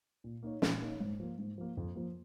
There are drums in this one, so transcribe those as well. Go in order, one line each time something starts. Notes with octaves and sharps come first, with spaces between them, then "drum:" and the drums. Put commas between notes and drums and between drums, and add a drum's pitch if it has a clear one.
A#2
A#3 D#4 C#5
A#2, drum: snare
A#3 D#4 C#5
G#2
F3 A#3
G#2
F3 A#3
F2
F3 A#3